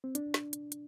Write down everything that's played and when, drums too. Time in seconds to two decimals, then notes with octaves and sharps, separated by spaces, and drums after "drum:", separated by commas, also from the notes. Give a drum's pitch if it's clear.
0.04 C4
0.15 D4, drum: hi-hat
0.34 drum: snare
0.53 drum: hi-hat
0.72 drum: hi-hat